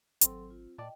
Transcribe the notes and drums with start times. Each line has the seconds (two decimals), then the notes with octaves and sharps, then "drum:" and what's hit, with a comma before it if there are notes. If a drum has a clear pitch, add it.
0.21 G#1 F#3 C4 A4 C6, drum: hi-hat
0.50 F4
0.78 A#2 D5 D#5 G5 A5